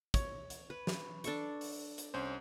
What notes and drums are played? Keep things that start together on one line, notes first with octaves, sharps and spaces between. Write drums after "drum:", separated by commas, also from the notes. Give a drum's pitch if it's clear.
C#5, drum: kick, hi-hat
drum: hi-hat
B4
drum: snare
D4 A4 C#6, drum: hi-hat
drum: open hi-hat
drum: hi-hat
C2 C#4 C5